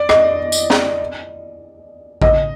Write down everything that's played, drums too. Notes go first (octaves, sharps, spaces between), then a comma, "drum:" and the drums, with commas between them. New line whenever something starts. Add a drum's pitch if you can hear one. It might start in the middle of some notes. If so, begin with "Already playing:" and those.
Already playing: D5
D#5, drum: rim click
drum: tambourine
drum: snare
D#5, drum: kick A1